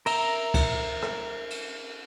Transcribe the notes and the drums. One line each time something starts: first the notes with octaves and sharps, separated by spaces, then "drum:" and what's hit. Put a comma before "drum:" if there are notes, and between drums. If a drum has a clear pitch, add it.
A#4 E5 A#5, drum: cymbal
drum: kick, cymbal
drum: rim click
drum: cymbal